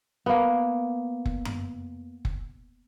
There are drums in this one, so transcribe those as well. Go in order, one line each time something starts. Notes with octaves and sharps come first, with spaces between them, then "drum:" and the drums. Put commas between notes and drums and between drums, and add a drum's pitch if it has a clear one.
A#3 B3
drum: kick
drum: tom F#2
drum: kick